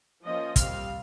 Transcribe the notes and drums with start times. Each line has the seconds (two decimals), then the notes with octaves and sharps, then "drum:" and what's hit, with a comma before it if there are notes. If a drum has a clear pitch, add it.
0.24 F3 A#3 C#4 D#5
0.56 G3 C4 F5, drum: kick, hi-hat